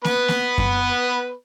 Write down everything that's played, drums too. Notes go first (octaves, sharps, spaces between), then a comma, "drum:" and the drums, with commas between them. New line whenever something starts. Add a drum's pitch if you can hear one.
B3 B4 B5, drum: snare A#3
drum: snare A#3
drum: kick F#2